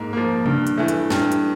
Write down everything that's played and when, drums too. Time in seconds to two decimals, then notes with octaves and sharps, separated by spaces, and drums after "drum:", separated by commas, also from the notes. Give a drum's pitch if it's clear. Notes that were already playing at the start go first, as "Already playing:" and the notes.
Already playing: G#2 A#3
0.13 F3 A#3
0.46 G2, drum: tom C3
0.67 drum: hi-hat
0.78 E3 A3
0.88 drum: hi-hat
1.10 G2, drum: snare
1.32 drum: hi-hat